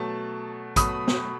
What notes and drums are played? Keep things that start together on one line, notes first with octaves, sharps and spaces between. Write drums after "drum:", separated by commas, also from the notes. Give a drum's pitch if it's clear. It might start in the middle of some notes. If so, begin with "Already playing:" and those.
Already playing: B2 F#3 A3 A5
B2 F#3 A3 B5 D#6, drum: kick A1, hi-hat
drum: snare